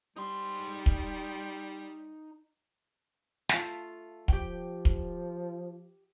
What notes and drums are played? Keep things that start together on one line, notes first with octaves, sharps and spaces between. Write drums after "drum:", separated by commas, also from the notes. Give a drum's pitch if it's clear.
G3 D#4 C6
drum: kick
A3 F4, drum: snare
F3 G4 G5, drum: kick
drum: kick